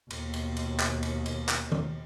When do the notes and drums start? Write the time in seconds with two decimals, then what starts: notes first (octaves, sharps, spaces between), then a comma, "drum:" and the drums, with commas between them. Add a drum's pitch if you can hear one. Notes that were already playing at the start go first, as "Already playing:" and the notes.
0.10 D#2 B2, drum: cymbal
0.33 drum: cymbal
0.56 drum: cymbal
0.80 drum: clap
1.03 drum: cymbal
1.26 drum: cymbal
1.49 drum: clap
1.72 drum: tom D#3